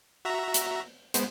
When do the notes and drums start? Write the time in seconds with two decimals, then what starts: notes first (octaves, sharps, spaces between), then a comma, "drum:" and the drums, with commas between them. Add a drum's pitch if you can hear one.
0.25 F#4 E5 A#5
0.54 drum: hi-hat
1.14 G#3 B3 C5, drum: hi-hat